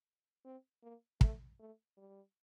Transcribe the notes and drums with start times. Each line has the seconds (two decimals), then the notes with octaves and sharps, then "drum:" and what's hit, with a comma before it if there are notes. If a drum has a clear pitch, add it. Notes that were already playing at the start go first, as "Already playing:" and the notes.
0.45 C4
0.83 A#3
1.21 A3, drum: kick
1.59 A3
1.97 G3